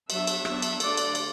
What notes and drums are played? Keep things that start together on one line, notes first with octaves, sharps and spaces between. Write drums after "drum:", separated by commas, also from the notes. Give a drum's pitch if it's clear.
F#3 B3 D4 E5, drum: cymbal
drum: cymbal
F#3 B3 D4, drum: rim click
drum: cymbal
D3 A3 D4 D5, drum: cymbal
drum: cymbal
drum: cymbal